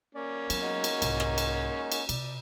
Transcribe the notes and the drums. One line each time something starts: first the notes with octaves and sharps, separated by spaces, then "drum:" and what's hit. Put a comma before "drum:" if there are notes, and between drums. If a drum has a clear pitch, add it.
A#3 C#4 D5
F#3 B3, drum: cymbal
G#3 D#4 F#4
drum: cymbal
C2 G#2, drum: cymbal
drum: rim click
drum: cymbal
drum: cymbal
C3 D5, drum: cymbal